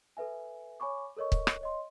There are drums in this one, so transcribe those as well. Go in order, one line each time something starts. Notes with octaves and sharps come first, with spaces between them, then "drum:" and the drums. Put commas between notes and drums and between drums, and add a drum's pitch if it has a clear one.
A4 B4 E5 G#5
C#5 G#5 B5 C#6 D6
A4 A#4 C#5 D#5 C#6
drum: kick
drum: rim click
C#5 D#5 C6